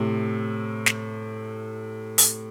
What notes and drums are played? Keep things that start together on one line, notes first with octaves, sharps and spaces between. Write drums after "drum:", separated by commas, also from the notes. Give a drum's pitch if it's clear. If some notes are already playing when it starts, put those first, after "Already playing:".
Already playing: A2 C3
drum: snare
drum: open hi-hat